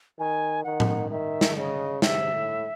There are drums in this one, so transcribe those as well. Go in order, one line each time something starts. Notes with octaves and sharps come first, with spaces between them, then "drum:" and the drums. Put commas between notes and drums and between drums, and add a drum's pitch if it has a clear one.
D#3 G#5
D#3 F#5
drum: tom A2
D#3 E5
drum: snare
C#3 D#5
C3 E5, drum: snare
A2